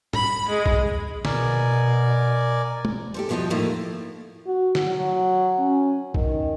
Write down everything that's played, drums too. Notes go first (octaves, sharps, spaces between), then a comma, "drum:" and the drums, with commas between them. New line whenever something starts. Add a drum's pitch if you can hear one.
B5, drum: tom
G#3
drum: kick
B2 A#4 D5 G#5, drum: snare
drum: tom
G4 A4 C5
E2 B2 F3 G3 G4 D#5
A2 D#3 F3 A3 A#3
F#4
drum: snare
F#3
C#4
D#3, drum: kick